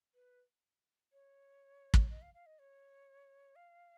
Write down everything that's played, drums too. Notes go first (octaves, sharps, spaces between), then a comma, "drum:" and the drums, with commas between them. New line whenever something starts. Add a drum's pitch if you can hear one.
B4
C#5
drum: kick
D#5
F5
F5
D#5
C#5
F5